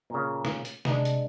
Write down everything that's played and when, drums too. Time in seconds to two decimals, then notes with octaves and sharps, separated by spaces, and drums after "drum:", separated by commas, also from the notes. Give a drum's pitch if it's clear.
0.10 A#2 C#3
0.45 drum: snare
0.65 drum: hi-hat
0.85 C3 G#3 D4, drum: snare
1.05 drum: hi-hat